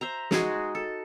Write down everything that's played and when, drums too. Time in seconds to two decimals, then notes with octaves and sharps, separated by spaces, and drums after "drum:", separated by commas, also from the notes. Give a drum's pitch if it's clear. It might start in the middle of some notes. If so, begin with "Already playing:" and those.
0.01 C5 E5 A#5
0.31 G#3 D#4 F#4 G#4, drum: snare
0.75 A4